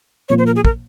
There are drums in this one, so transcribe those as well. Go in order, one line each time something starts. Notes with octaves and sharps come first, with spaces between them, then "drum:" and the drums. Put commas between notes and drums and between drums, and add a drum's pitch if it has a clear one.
A#2 F3 A#3 C#5
C5
A#4
G#4
A#4, drum: kick